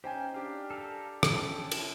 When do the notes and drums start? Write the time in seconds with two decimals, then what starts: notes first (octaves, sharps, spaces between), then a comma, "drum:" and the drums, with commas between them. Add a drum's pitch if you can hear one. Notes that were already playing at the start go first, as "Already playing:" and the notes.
0.04 C#4 D#4 G4 C5 G5 G#5
0.34 D4 G4 F5 G#5
0.70 A4 A#4 F5
1.23 C#4 A4, drum: rim click
1.71 drum: cymbal